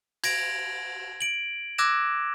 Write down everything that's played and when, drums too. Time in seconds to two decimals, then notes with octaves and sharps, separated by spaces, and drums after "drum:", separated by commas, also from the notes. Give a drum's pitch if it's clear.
0.24 G#6 A#6 D7, drum: cymbal
1.21 D7 F#7
1.78 D6 E6 F#6 G#6 A#6 E7